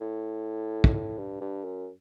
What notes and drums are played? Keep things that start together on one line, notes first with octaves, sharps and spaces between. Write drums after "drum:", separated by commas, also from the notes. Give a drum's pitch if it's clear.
A2
drum: kick
A2
G2
G2
F#2